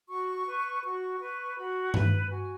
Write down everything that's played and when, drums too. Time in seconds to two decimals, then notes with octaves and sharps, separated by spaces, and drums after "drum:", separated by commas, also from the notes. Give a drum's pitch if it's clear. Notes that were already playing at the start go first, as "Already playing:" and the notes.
0.09 F#4 C#6
0.46 B4
0.83 F#4 C#6
1.19 B4
1.56 F#4 B5
1.94 B4, drum: tom G2
2.30 F#4 G#5